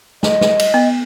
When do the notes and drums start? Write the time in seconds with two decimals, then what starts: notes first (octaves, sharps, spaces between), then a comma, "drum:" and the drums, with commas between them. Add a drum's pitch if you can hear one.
0.23 D#5, drum: snare
0.41 drum: snare
0.59 drum: cymbal
0.74 B3